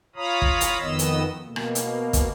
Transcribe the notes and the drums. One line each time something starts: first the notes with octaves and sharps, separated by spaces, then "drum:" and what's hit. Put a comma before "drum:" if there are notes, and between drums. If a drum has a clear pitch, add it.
F4 C#5 F5 A#5 B5 D#6
drum: kick
drum: hi-hat
F2 D#3 B3 D#5 E6
drum: hi-hat
B2 A#3
drum: rim click
drum: hi-hat
drum: kick, hi-hat